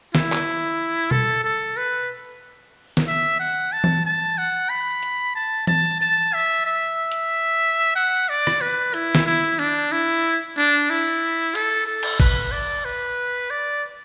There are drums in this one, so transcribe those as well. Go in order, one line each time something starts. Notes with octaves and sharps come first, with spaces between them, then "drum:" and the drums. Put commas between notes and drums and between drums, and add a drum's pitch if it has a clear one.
E4, drum: snare
drum: clap
A4, drum: tom B2
A4
B4
drum: snare
E5
F#5
A5
drum: tom E3
A5
F#5
B5
drum: hi-hat
A5
A5, drum: tom E3
A5, drum: tambourine
E5
E5
drum: hi-hat
F#5
D5
drum: rim click
B4
E4, drum: hi-hat
drum: snare
E4
D4, drum: hi-hat
E4
D4
E4
A4, drum: cymbal
A4
drum: cymbal
B4, drum: kick G#1
D5
B4
D5